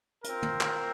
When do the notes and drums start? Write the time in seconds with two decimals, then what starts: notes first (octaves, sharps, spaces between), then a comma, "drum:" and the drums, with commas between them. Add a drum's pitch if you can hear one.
0.24 C4 F4 A#4, drum: hi-hat
0.42 drum: tom
0.60 drum: clap